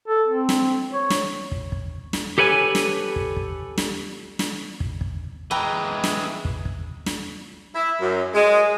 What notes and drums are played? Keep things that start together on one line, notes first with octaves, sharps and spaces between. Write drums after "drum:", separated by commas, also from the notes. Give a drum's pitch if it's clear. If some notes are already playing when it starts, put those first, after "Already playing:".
A4
C4
drum: snare
C#5
drum: snare
drum: kick
drum: kick
drum: snare
G4 A4 B4 C#5 G#5
drum: snare
drum: kick
drum: kick
drum: snare
drum: snare
drum: kick
drum: kick
E3 G#3 B4 G5 A#5
drum: snare
drum: kick
drum: kick
drum: snare
E4
F#2
G#3